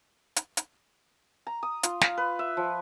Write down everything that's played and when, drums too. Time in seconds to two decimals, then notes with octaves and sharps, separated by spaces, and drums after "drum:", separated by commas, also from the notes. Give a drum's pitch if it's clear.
0.36 drum: hi-hat
0.57 drum: hi-hat
1.47 A#5
1.63 D#6
1.83 F4, drum: hi-hat
2.01 F5, drum: snare
2.17 B4
2.39 E5
2.57 F3